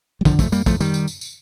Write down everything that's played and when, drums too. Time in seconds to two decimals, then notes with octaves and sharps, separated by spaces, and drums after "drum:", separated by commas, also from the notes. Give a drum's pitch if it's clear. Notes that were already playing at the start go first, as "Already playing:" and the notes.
0.21 G3
0.25 D3 F3, drum: kick, tambourine
0.39 F3 A3, drum: kick, tambourine
0.52 G3 A#3, drum: tambourine
0.66 F3 A3, drum: kick, tambourine
0.80 D#3 G3, drum: tambourine
0.94 drum: tambourine
1.08 drum: tambourine
1.21 drum: tambourine